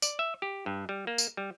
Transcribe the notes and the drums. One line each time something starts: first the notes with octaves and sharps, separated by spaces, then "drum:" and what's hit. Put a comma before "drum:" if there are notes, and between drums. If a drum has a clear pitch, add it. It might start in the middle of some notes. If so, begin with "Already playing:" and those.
D5, drum: tambourine
E5
G4
G2
G3
A#3
drum: tambourine
G3